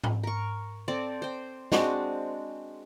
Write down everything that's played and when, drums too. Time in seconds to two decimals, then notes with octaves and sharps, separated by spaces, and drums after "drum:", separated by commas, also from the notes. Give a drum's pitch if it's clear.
0.04 drum: tom G#2
0.23 A#4 C#6
0.88 C4 A4 D5
1.22 C5 G5
1.72 G#3 C4 D4 F#4, drum: snare